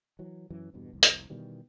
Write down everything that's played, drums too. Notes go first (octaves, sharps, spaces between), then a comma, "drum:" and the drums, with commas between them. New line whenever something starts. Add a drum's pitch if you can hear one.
E3 F#3
F#2 E3 F#3
E2 G2 B2
F1 C2
drum: hi-hat
B2 D#3 E3 G3